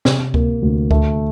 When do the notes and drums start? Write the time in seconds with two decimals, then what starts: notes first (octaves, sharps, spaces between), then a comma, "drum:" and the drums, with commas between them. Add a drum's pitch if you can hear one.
0.05 C3, drum: snare
0.34 A#3, drum: kick C#2
0.62 D2
0.91 A3, drum: kick C#2